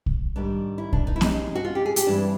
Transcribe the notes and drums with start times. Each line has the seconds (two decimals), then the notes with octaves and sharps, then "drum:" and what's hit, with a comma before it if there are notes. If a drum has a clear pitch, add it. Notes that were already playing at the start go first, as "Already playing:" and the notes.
0.06 drum: kick
0.36 G#2 D#3 G3 D4
0.78 E4
0.93 D4, drum: kick
1.07 D#4
1.16 E4
1.21 C3 E3 G#3 C#4 D#4, drum: snare B3
1.55 F#4
1.65 F4
1.75 G4
1.86 G#4
1.96 G4, drum: hi-hat
2.07 G2 E3 G#3 C4 D4